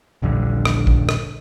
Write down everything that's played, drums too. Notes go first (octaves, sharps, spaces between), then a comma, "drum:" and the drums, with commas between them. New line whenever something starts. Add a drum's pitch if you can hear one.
D#1 A#1 G2 D3
drum: rim click
drum: kick
drum: rim click